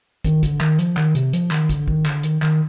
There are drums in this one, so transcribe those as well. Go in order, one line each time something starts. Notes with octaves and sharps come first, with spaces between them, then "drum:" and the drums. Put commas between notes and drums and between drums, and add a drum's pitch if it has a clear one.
D#3, drum: kick, hi-hat
D3, drum: kick, hi-hat
D#3, drum: clap
F3, drum: hi-hat
D#3, drum: clap
C3, drum: hi-hat
F3, drum: hi-hat
D#3, drum: clap
D3, drum: kick, hi-hat
D#3, drum: kick
D3, drum: clap
D#3, drum: hi-hat
D#3, drum: clap